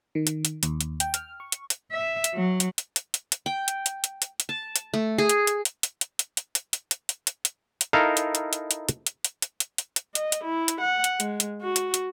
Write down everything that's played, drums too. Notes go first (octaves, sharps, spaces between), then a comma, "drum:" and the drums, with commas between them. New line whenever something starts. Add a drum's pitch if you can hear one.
D#3
drum: hi-hat
drum: hi-hat
D#2, drum: hi-hat
drum: hi-hat
G5, drum: hi-hat
F6, drum: hi-hat
C#6
drum: hi-hat
drum: hi-hat
E5
drum: hi-hat
F#3
drum: hi-hat
drum: hi-hat
drum: hi-hat
drum: hi-hat
drum: hi-hat
G5
drum: hi-hat
drum: hi-hat
drum: hi-hat
drum: hi-hat
drum: hi-hat
A5
drum: hi-hat
A3
G#4
drum: hi-hat
drum: hi-hat
drum: hi-hat
drum: hi-hat
drum: hi-hat
drum: hi-hat
drum: hi-hat
drum: hi-hat
drum: hi-hat
drum: hi-hat
drum: hi-hat
drum: hi-hat
drum: hi-hat
drum: hi-hat
D#4 E4 A4 A#4 F5
drum: hi-hat
drum: hi-hat
drum: hi-hat
drum: hi-hat
drum: hi-hat
drum: hi-hat
drum: hi-hat
drum: hi-hat
drum: hi-hat
drum: hi-hat
drum: hi-hat
D#5, drum: hi-hat
drum: hi-hat
E4
drum: hi-hat
F#5
drum: hi-hat
G#3, drum: hi-hat
drum: hi-hat
F#4
drum: hi-hat
drum: hi-hat